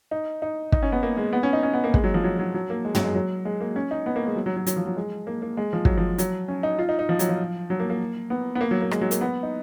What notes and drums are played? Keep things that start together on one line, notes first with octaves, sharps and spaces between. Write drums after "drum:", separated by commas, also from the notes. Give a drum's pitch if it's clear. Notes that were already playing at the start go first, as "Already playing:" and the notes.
D#4
D#4
D#4, drum: kick
C#4
B3
A#3
G#3
B3
C#4
D#4
C#4
B3
A#3
G#3, drum: kick
F#3
F3
F#3
F#3
F#3
A#3
G#3
F#3, drum: tom
G#3
F#3
G#3
A#3
C#4
D#4
B3
A#3
G#3
F#3
F#3
F#3
F#3, drum: hi-hat
F3
F#3
G#3
A#3
A#3
G#3
F3
F#3, drum: kick
F3
F#3, drum: hi-hat
C#4
D#4
F4
D#4
D#4
F3
F#3, drum: hi-hat
F3
F#3
A#3
A#3
B3
B3
A#3
F#3
A#3
G#3, drum: rim click
F#3
A#3, drum: hi-hat
B3
D#4